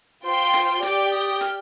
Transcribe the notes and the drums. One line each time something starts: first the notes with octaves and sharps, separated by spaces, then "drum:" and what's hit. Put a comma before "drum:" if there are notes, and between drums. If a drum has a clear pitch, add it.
F4 C5 G5 C6
drum: hi-hat
G4 D5 G5 D6, drum: hi-hat
D#6
F6, drum: hi-hat